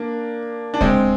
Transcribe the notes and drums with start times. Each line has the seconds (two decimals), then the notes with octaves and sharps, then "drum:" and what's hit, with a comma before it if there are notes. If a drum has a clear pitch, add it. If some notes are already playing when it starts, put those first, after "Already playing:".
Already playing: A#3 D4
0.74 D4
0.81 G#3 C4, drum: kick C#2